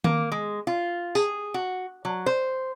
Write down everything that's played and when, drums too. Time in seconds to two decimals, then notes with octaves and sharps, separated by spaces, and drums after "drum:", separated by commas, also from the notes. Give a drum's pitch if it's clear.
0.04 A#3, drum: tom D#3
0.32 G#3
0.67 F4
1.15 G#4, drum: tambourine
1.54 F#4
2.05 F#3
2.26 C5